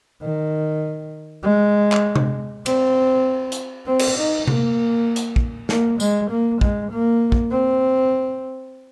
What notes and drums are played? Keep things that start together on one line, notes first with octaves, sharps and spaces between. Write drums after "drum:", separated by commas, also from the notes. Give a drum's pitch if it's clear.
D#3
G#3
drum: clap
drum: tom C3
C4, drum: cymbal
drum: hi-hat
C4
drum: cymbal
D#4
A#3, drum: tom C3
drum: hi-hat
drum: kick
A#3, drum: snare
G#3, drum: tambourine
A#3
G#3, drum: kick
A#3
drum: kick
C4